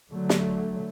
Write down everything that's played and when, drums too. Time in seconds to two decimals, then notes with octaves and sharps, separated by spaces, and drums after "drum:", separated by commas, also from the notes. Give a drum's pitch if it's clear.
0.10 D3 F#3 A3
0.29 drum: snare